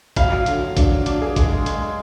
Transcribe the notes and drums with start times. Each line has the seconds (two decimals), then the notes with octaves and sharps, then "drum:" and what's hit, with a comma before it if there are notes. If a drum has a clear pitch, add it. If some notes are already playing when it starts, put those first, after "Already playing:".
0.16 F#3 F5, drum: kick, hi-hat
0.32 F#3
0.46 D3, drum: hi-hat
0.61 F#3
0.77 D4, drum: kick, hi-hat
0.91 F#3
1.06 D4, drum: hi-hat
1.22 G#4
1.36 G#3, drum: kick, hi-hat
1.51 G#3
1.66 G#3, drum: hi-hat
1.81 G#3